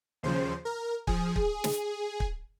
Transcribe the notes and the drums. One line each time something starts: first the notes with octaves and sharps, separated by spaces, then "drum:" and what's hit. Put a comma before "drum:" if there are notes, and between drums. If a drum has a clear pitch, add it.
D#2 C#3 F3 C5
A#4
F3 G#4, drum: kick
drum: kick
drum: snare
drum: kick